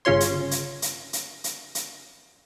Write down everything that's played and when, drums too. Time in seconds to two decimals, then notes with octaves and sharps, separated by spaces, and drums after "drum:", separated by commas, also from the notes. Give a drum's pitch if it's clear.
0.05 G1 C#3 C#4 F4 C#5 C6
0.20 drum: hi-hat
0.51 drum: hi-hat
0.82 drum: hi-hat
1.13 drum: hi-hat
1.44 drum: hi-hat
1.75 drum: hi-hat